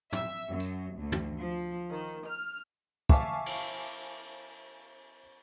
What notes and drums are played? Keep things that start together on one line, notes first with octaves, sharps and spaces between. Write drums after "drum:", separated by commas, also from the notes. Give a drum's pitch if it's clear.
E5, drum: tom
F#2
drum: tambourine
D2
drum: tom
F3
D#3
F6
E5 F5 G#5 A5 C#6 D6, drum: kick
drum: cymbal